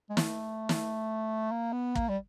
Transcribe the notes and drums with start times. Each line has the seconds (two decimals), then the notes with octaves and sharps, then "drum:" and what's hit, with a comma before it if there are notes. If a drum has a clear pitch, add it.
0.10 G#3
0.17 A3, drum: snare
0.69 drum: snare
1.51 A#3
1.73 B3
1.95 A#3, drum: kick
2.09 G3